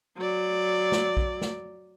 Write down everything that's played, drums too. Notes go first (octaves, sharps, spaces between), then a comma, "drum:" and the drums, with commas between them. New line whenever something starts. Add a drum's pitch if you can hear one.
F#3 D5
drum: snare
drum: kick A#1
drum: snare